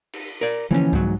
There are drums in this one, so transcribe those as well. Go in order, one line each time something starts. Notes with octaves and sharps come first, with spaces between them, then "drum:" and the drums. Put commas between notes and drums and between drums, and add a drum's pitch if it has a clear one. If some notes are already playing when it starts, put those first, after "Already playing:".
drum: cymbal
A#4 D5
D3 E3 F3 A#3 C#4
G#2 F#3, drum: kick C2